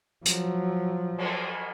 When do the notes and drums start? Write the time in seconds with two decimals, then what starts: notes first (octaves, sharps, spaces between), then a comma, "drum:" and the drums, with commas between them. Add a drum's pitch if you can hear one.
0.26 F3 F#3, drum: hi-hat
1.18 drum: cymbal